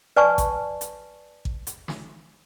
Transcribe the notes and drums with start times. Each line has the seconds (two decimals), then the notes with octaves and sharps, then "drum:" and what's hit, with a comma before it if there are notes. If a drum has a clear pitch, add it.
0.16 B4 D5 G#5 A5 C#6
0.38 drum: kick A1, hi-hat
0.81 drum: hi-hat
1.45 drum: kick A1
1.67 drum: hi-hat
1.88 drum: snare